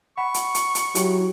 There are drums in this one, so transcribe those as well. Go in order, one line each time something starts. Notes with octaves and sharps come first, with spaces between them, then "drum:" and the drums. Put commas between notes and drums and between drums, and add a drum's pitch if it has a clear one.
F#5 B5 C#6
drum: hi-hat
drum: hi-hat
drum: hi-hat
F#3 E4 G4, drum: hi-hat